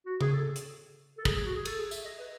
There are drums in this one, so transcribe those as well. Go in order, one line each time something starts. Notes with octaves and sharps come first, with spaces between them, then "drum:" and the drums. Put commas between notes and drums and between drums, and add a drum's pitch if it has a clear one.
F#4
G#4, drum: tom C#3
A4
drum: hi-hat
A4
G#4, drum: kick
G#4
F#4
G#4
A4, drum: cymbal
G#4
E5, drum: tambourine
D#5
B4